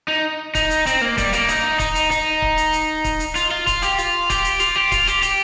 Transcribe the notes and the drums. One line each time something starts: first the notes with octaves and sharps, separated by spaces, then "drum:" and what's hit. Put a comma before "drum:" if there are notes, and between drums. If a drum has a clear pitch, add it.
D#4
D#4, drum: kick C#1, hi-hat
drum: hi-hat
C4, drum: hi-hat
A#3
G3, drum: kick C#1, hi-hat
A#3, drum: hi-hat
D#4, drum: hi-hat
D#4, drum: kick C#1, hi-hat
drum: hi-hat
D#4, drum: hi-hat
drum: kick C#1
drum: hi-hat
drum: hi-hat
drum: kick C#1, hi-hat
drum: hi-hat
F4, drum: hi-hat
F4
F4, drum: kick C#1, hi-hat
G4, drum: hi-hat
F4, drum: hi-hat
G4, drum: kick C#1, hi-hat
drum: hi-hat
F4, drum: hi-hat
G4
F4, drum: kick C#1, hi-hat
G4, drum: hi-hat
G4, drum: hi-hat